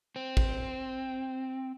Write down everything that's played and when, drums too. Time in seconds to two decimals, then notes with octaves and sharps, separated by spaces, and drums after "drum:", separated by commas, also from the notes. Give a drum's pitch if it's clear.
0.16 C4
0.37 drum: kick